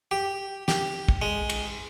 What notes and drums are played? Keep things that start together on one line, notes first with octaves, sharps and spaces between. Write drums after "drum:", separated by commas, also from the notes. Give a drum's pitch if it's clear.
G4
G4, drum: snare
drum: kick
G#3
drum: cymbal